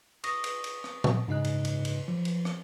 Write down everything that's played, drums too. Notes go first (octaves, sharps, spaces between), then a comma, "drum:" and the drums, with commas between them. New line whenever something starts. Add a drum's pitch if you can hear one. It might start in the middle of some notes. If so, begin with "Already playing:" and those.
C#6 D#6 A#6, drum: cymbal
drum: cymbal
drum: cymbal
drum: rim click
drum: tom
G#2 C#3 D#4 D#5 F#6
drum: cymbal
drum: cymbal
drum: cymbal
F3
drum: cymbal
drum: rim click